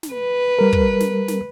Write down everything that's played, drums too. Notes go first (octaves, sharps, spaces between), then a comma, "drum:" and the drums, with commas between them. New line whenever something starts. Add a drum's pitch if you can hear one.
drum: snare
B4
G3 A#4
drum: kick
drum: snare
drum: snare